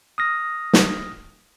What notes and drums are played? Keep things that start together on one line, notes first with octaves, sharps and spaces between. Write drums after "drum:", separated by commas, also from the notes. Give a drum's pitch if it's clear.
D#6 F6 A#6
drum: snare